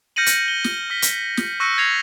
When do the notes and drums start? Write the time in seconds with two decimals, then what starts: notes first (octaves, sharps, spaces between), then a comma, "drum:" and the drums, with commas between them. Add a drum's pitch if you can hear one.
0.16 F6 G6 A#6 C#7 D#7 F#7
0.26 drum: hi-hat
0.48 G7
0.64 drum: snare
0.90 F6 B6 G7
1.02 drum: hi-hat
1.37 A#6, drum: snare
1.60 C#6 E6 F#6 A#6 C#7 D#7
1.78 G#6 A#6 C7 F7